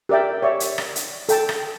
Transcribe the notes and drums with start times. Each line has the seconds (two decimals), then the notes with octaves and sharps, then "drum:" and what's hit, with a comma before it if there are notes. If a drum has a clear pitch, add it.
0.09 G4 A#4 D5 E5 G5
0.42 C#5 D5 E5
0.60 drum: hi-hat
0.78 drum: rim click
0.96 drum: hi-hat
1.29 A4 G5 A5, drum: hi-hat
1.49 drum: rim click